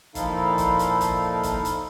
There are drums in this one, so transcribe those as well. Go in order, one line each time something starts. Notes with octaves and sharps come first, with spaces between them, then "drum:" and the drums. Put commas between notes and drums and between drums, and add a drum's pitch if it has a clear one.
A#2 F3 D#4 E4 A4 F5, drum: kick, hi-hat
drum: kick, hi-hat
drum: hi-hat
drum: kick, hi-hat
drum: kick, hi-hat
drum: hi-hat